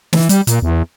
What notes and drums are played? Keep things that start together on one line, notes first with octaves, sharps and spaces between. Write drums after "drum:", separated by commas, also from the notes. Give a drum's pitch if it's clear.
E3, drum: snare
G3, drum: hi-hat
A#2, drum: hi-hat
E2